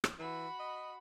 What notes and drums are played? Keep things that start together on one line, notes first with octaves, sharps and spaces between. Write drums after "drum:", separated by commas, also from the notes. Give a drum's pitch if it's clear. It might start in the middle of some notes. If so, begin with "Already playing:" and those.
drum: rim click
E3 F#4 B5
D#5